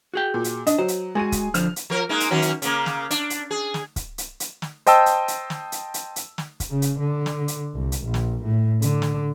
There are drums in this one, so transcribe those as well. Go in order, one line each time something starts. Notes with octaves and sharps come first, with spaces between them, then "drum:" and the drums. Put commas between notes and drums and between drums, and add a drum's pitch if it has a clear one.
F#4 G#4 G5
A#2
drum: hi-hat
D4 D#5, drum: hi-hat
F#3 C5
drum: hi-hat
G#3 F#4 G#4 D#7
drum: kick, hi-hat
D3 F3 C5 F6 F7, drum: hi-hat
drum: hi-hat
F3 A#4
G#3 A#3 D#4
drum: hi-hat
D#3 F#3 C#4
drum: hi-hat
C#3 A#3, drum: hi-hat
drum: snare
D4, drum: hi-hat
drum: hi-hat
G#4
drum: snare
drum: kick, hi-hat
drum: hi-hat
drum: hi-hat
drum: snare
C5 D#5 G5 A5 E6, drum: hi-hat
drum: hi-hat
drum: hi-hat
drum: snare
drum: hi-hat
drum: hi-hat
drum: hi-hat
drum: snare
drum: kick, hi-hat
C#3
drum: hi-hat
D3
drum: snare
drum: hi-hat
C2
drum: hi-hat
A#1
drum: snare
A2
D3, drum: hi-hat
drum: snare